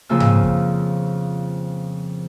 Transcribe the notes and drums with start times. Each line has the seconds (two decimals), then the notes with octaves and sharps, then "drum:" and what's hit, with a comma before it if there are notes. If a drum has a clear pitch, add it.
0.09 F2 C#3 F3 A#3 G#5 E6
0.20 drum: tom G#2
0.43 drum: kick F#2